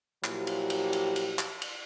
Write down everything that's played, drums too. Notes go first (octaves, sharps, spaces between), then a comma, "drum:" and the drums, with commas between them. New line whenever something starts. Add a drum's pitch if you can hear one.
A#2 F3 F#3 E4 G4, drum: clap
drum: cymbal
drum: cymbal
drum: cymbal
drum: cymbal
drum: clap
drum: cymbal